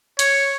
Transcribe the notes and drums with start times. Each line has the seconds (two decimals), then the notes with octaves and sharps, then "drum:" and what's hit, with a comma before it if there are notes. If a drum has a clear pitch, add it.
0.19 C#5, drum: hi-hat